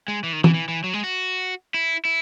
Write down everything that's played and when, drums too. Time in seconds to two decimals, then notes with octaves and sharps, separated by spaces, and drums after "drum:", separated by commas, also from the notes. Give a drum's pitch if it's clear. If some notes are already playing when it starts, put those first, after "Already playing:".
0.08 G#3
0.24 E3
0.33 D#3
0.44 E3, drum: tom E3
0.54 E3
0.68 E3
0.84 F#3
0.93 G#3
1.04 F#4
1.74 E4
2.05 E4